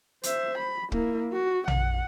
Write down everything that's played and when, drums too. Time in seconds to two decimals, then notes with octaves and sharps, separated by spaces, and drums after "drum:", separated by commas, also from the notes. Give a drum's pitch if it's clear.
0.23 C5 E5, drum: hi-hat
0.58 B5
0.92 A#3 E4, drum: kick
1.32 F#4
1.68 F#5, drum: tom A#1